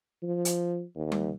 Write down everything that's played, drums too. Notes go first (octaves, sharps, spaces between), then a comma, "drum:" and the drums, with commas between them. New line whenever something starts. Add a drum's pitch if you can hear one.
F3
drum: hi-hat
D#2
drum: tom G3